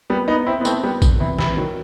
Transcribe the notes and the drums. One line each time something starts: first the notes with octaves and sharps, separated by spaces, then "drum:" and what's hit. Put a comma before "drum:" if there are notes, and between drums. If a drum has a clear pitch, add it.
G3 B3
B3 D#4
C4 E4
B3
A3 C4, drum: tambourine
G3 B3
drum: kick A#1, tambourine
C3 E3
C3 E3, drum: snare
D#3 F#3